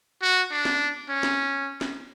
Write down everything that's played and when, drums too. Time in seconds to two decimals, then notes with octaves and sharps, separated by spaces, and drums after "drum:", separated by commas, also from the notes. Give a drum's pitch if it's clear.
0.22 F#4
0.51 D4
0.65 drum: snare
1.09 C#4
1.23 drum: snare
1.81 drum: snare